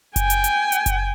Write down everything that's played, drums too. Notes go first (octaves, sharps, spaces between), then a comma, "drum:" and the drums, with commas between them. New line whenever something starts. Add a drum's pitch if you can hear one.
G5 G#5, drum: kick F#1, hi-hat
drum: hi-hat
drum: hi-hat
drum: hi-hat
drum: kick F#1, hi-hat